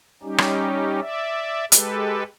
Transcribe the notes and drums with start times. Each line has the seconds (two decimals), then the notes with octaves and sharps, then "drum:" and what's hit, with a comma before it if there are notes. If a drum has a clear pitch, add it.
0.23 G3 C#4 D#4 G4
0.38 drum: rim click
1.00 D5 E5
1.72 G#3 G4 A4 B4, drum: hi-hat